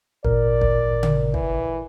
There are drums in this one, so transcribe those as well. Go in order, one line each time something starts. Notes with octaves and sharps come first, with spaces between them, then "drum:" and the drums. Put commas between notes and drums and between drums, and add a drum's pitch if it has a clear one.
G#1 A#2 A#4 D5, drum: kick
drum: kick
drum: tom C#3
E3, drum: kick